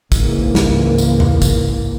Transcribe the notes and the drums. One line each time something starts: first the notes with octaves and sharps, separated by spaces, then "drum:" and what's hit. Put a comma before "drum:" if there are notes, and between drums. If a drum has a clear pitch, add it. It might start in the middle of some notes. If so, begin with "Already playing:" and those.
C#2 G#2 E3 A#3, drum: kick, tambourine
drum: snare
drum: tambourine
drum: tom E2
drum: kick, tambourine